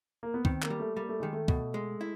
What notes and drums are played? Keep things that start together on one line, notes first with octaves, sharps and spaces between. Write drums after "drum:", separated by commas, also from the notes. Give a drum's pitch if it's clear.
A#3
B3
D#3 C4, drum: kick
A#3, drum: clap
G3
A3
G3 A#3
A3
D#3 G#3
A3
B2, drum: kick
G#3
E4